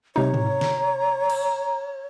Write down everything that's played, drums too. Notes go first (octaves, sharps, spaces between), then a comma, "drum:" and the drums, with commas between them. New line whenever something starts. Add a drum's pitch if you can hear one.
C3 D#4 C#5 A#5, drum: tom
drum: tom G#2
drum: snare
drum: cymbal